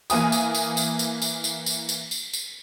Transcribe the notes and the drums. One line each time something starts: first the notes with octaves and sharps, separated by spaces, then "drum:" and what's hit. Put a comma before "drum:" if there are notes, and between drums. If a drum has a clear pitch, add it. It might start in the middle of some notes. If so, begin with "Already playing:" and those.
E3 A#3 G#5 D#6, drum: tambourine
drum: tambourine
drum: tambourine
drum: tambourine
drum: tambourine
drum: tambourine
drum: tambourine
drum: tambourine
drum: tambourine
drum: tambourine
drum: tambourine